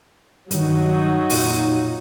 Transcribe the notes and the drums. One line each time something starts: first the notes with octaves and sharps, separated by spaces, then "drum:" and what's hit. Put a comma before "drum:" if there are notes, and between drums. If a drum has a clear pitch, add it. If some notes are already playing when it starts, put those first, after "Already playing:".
G2 D#3 F#3 D#4 F#4, drum: hi-hat
F2 A#2 F4, drum: open hi-hat